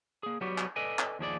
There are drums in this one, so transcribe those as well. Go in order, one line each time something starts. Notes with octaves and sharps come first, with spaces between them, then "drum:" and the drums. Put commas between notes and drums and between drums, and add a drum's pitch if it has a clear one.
A#3 G#4
F#3 G3 B3 F#4 G4
drum: clap
A4 B4 D5 D#5 G#5
drum: clap
D#2 F3 G#4 D5